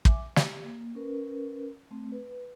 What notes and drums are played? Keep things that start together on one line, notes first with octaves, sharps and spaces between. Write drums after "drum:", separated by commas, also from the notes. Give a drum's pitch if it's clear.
E5 G#5 D6, drum: kick
G4, drum: snare
A#3
C#4 A#4 B4
A3 C4
B4